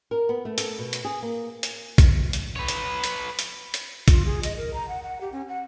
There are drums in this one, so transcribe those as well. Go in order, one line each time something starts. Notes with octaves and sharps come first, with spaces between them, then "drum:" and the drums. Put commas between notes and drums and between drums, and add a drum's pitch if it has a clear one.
A#4
B3
A3
A4, drum: hi-hat
B2
drum: hi-hat
G#4
A#3
drum: hi-hat
drum: kick A#1, hi-hat
drum: hi-hat
B4 C#5
drum: hi-hat
drum: hi-hat
drum: hi-hat
drum: hi-hat
F4, drum: kick A#1, hi-hat
G#4
D#5, drum: hi-hat
A#4
A#5
F#5
F#5
G4
C#4
F#5